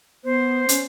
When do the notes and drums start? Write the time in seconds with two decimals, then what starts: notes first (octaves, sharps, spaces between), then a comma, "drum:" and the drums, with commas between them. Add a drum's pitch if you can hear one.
0.25 B3 C5
0.69 C#4, drum: hi-hat